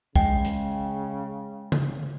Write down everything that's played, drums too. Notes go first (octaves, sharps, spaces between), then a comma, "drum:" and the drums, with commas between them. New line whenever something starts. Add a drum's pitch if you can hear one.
C#3 G#3 G5, drum: kick
drum: hi-hat
drum: tom C#3